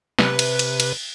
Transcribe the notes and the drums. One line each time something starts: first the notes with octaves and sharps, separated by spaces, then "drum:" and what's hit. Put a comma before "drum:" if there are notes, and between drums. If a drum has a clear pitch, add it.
C3 B4, drum: snare
drum: cymbal
drum: cymbal
drum: cymbal